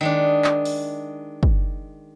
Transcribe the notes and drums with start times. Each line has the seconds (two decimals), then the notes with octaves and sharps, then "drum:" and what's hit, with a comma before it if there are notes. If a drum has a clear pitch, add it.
0.01 D#3 G#3 D4
0.44 drum: clap
0.65 drum: open hi-hat
1.43 drum: kick